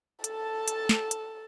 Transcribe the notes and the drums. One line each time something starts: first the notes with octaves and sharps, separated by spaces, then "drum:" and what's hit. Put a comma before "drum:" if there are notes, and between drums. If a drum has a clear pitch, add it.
A4 A5, drum: hi-hat
drum: hi-hat
drum: snare
drum: hi-hat